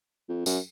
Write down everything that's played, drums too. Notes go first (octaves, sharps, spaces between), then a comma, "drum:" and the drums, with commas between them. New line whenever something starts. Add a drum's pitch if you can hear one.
F2
F#2, drum: tambourine